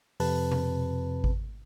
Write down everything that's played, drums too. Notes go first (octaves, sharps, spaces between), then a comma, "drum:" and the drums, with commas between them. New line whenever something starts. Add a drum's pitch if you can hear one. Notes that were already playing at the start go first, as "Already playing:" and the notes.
F2 C3 B4 A5, drum: open hi-hat
drum: tom B2
drum: kick G#1